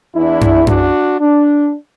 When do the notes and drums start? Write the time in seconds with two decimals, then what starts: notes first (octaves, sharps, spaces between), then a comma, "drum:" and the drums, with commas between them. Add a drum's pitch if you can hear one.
0.15 E2 E3 D4 E4
0.41 drum: tom F#2
0.67 D4 F#4, drum: tom F#2
1.19 D4